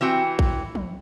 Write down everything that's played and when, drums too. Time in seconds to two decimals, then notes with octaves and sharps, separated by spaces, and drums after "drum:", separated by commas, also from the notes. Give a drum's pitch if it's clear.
0.01 E3 C4 F#4 G5
0.39 drum: kick
0.75 drum: tom